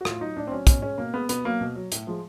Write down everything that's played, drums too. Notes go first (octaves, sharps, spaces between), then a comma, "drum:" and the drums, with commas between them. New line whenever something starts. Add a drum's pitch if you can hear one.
F#4
A2 F4, drum: rim click
F#3 D#4
A2 D4
C4
F#3 C#4
B2 C#4, drum: kick, hi-hat
G#3 C#4
B2 A#3
G#3 B3
B2 B3, drum: hi-hat
F#3 A#3
B2
F#3
A2, drum: hi-hat
F3 G#3